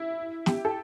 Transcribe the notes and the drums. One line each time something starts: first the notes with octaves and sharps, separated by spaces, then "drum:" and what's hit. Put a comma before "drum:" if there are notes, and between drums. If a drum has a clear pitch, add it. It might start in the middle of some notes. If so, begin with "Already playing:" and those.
Already playing: E4
G4, drum: snare
A4